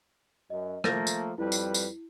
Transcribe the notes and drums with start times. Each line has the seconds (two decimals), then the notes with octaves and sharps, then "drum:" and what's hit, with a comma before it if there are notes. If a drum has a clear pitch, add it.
0.50 F#2 D#5
0.84 F3 A3 A#3 G6 A6 A#6, drum: rim click
1.07 drum: tambourine
1.38 F2 G3 E4 B4
1.52 drum: tambourine
1.74 drum: tambourine